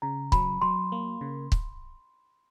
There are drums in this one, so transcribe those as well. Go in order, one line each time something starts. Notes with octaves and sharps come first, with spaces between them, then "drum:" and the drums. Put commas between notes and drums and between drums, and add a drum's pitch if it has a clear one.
C#3 A#5
F#3 B5, drum: kick
F#3 C6
A#3
C#3
drum: kick